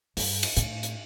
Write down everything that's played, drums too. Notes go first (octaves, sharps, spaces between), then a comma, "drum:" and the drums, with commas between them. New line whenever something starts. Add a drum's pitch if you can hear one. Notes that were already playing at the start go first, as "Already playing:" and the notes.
G2, drum: open hi-hat
drum: cymbal
A2, drum: hi-hat
drum: hi-hat